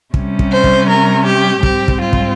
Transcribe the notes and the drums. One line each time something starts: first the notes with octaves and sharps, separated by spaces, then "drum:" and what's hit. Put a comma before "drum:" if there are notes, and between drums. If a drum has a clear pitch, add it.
C3 G3 C#4, drum: kick
drum: kick
C5
drum: kick
A#4
G4
G#2 G3 C4 G4, drum: kick
drum: kick
F4
drum: kick